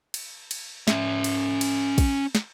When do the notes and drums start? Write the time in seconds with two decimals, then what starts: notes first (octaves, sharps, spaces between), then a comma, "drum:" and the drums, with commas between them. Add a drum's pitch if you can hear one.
0.14 drum: cymbal
0.51 drum: cymbal
0.88 C#4 E5, drum: snare
1.24 drum: cymbal
1.61 drum: cymbal
1.98 drum: kick, cymbal
2.35 drum: snare